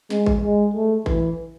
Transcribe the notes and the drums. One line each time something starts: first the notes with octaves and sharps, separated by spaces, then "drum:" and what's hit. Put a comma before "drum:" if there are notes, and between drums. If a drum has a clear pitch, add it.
G#3, drum: snare
drum: kick A1
G#3
A3
E3, drum: kick A1